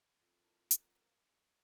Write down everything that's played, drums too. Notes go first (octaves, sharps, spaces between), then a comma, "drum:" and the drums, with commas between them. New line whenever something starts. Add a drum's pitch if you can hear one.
F2
D4 E4 A#4
A#4 F#5, drum: hi-hat
A#3 C4 A#4
A#2